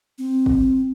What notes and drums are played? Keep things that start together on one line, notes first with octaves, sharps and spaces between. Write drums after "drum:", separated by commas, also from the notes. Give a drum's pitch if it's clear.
C4
drum: kick G1